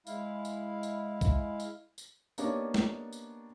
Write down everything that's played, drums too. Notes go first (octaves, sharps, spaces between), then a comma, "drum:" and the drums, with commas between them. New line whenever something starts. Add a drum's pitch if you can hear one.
G#3 E4 F5, drum: tambourine
drum: tambourine
drum: tambourine
drum: kick, tambourine
drum: tambourine
drum: tambourine
A#3 B3 D4 D#4 G4 C#5, drum: tambourine
drum: snare
drum: tambourine